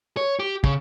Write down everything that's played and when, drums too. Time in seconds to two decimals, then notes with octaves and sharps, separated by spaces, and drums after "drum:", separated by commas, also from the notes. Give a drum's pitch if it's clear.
0.17 C#5
0.39 G4
0.64 C#3, drum: kick